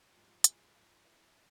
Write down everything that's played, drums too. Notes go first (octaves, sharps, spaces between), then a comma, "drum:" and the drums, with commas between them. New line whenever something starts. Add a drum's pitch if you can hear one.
G#2 F3 G4
G#4, drum: hi-hat
F4
E4